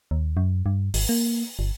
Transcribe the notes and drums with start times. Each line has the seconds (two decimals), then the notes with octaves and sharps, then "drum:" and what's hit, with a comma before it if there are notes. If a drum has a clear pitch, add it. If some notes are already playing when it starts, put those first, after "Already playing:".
0.11 D#2
0.37 F#2
0.66 G2
0.94 G#1, drum: open hi-hat
1.09 A#3
1.59 G1